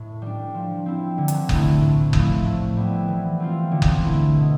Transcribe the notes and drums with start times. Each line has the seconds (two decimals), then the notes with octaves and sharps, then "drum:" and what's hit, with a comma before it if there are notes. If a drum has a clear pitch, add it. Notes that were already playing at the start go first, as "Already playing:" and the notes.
Already playing: A2
0.22 G3 D4
0.54 F3
0.86 C4 E4
1.18 D3
1.28 drum: hi-hat
1.49 A3 E4, drum: kick F#1
1.81 A2
2.13 F3 A3 E4, drum: kick F#1
2.45 A2
2.77 G3 B3 E4
3.08 E3
3.40 A3 C4 F4
3.71 D3
3.82 drum: kick F#1
4.04 A3 E4
4.35 B2